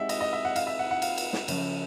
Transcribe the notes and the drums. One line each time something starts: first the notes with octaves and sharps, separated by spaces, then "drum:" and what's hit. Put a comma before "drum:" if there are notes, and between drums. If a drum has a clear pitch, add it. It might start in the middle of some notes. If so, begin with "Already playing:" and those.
Already playing: G#3 C4 D#4 G4 C5 E5 F#5
D#5, drum: cymbal
D#5
E5
F#5
F5, drum: cymbal
E5
F#5
F#5
F5, drum: cymbal
drum: cymbal
drum: snare
C#3 F3 A3, drum: cymbal